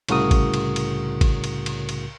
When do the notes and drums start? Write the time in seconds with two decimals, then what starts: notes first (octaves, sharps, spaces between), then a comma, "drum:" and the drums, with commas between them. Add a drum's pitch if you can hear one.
0.09 C2 A2 C#3 F#4 A#4 D#6, drum: cymbal
0.31 drum: kick G#1, cymbal
0.54 drum: cymbal
0.76 drum: cymbal
1.21 drum: kick G#1, cymbal
1.44 drum: cymbal
1.66 drum: cymbal
1.89 drum: cymbal